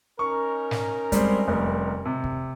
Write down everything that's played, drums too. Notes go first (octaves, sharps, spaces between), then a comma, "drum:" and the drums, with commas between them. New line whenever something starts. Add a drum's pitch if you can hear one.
C#4 D#4 A#4 C#6
drum: snare
G3 G#3 C4, drum: kick, hi-hat
F1 G3
C3
drum: kick